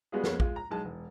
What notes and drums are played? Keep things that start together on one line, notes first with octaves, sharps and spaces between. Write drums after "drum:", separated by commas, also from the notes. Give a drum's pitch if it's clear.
G3 G#3 B3 F4 F#4 G#4
F2 G#3 A#3 B3 C#4, drum: snare
G#3 F4, drum: kick A#1
A#5
B1 G#3 A5
E1